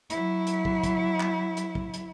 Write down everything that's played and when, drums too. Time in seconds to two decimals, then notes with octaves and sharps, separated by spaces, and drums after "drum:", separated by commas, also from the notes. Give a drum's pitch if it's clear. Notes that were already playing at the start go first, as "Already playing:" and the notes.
0.10 F#3 E4, drum: hi-hat
0.47 drum: hi-hat
0.65 drum: kick
0.84 drum: kick, hi-hat
1.20 drum: clap
1.57 drum: hi-hat
1.75 drum: kick
1.94 drum: hi-hat